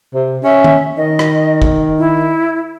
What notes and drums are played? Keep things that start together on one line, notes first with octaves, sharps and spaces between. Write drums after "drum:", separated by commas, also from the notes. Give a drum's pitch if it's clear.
C3
C#4 E5
drum: tom
D#3 D#5
drum: rim click
drum: kick
E4